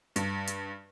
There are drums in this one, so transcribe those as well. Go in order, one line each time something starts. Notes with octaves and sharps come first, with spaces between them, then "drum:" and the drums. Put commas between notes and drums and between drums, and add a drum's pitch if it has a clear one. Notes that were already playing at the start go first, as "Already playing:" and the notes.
G2, drum: hi-hat
drum: hi-hat